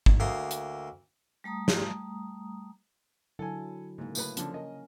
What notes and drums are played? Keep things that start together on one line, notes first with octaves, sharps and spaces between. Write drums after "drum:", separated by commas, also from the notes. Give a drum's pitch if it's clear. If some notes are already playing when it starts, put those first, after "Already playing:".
drum: kick
D2 A#3 C6 D#6
drum: hi-hat
G3 A3 A#5 D#6
drum: snare
D3 F#3 E4 A4 G#5
G#2 C#3 A#3
A2 B4, drum: tambourine
D3 F3 C#4, drum: hi-hat
A#4 D#5